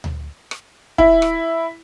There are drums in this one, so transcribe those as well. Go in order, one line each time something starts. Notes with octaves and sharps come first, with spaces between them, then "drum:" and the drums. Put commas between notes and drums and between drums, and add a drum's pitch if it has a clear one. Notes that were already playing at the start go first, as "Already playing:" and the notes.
drum: tom D2
drum: rim click
E4, drum: kick
drum: rim click